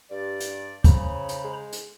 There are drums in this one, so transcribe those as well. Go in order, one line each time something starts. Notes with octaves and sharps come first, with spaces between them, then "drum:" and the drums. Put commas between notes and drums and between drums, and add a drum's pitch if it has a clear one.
G2 D5
drum: hi-hat
C#3 C5 A#5 B5, drum: kick, hi-hat
drum: hi-hat
G#3
drum: hi-hat